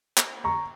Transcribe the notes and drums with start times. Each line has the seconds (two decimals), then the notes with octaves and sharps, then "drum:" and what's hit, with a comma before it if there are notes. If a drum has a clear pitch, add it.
0.17 drum: clap
0.44 A#5 C#6